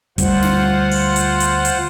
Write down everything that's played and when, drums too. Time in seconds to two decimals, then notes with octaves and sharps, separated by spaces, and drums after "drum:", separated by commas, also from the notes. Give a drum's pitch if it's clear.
0.18 D2 G3 F4 C5 F#5, drum: kick, hi-hat
0.42 drum: snare
0.91 drum: open hi-hat
1.16 drum: hi-hat
1.40 drum: hi-hat
1.65 drum: hi-hat